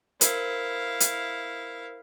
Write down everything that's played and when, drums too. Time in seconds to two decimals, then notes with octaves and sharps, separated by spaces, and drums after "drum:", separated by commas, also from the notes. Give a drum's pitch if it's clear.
0.21 E4 A#4 C5 F5, drum: hi-hat
1.00 drum: hi-hat